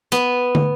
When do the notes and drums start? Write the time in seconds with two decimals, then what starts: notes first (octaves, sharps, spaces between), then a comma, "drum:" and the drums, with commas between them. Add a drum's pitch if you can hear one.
0.12 B3, drum: hi-hat
0.55 drum: tom